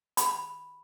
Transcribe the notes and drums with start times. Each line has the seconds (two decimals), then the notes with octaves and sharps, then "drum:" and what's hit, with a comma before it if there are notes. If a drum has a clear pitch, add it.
0.17 B5, drum: hi-hat